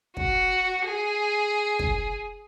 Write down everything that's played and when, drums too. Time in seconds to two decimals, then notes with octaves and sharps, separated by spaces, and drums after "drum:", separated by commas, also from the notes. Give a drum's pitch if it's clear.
0.17 F#4, drum: kick
0.86 G#4
1.79 drum: kick